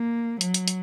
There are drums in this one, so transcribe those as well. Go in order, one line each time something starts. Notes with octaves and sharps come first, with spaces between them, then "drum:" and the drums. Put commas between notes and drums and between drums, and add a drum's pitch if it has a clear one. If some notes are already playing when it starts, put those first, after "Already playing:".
Already playing: A#3
F#3, drum: hi-hat
drum: hi-hat
drum: hi-hat